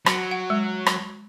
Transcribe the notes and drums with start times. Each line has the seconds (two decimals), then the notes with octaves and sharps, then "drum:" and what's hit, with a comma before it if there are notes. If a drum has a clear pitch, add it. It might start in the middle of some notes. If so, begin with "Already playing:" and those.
0.06 F#3, drum: rim click
0.31 F#5
0.50 G#3
0.86 drum: rim click